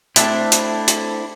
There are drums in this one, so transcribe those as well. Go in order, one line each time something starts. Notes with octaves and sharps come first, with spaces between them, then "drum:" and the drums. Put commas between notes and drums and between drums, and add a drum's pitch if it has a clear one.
A3 C4 D4 E4, drum: hi-hat
drum: hi-hat
drum: hi-hat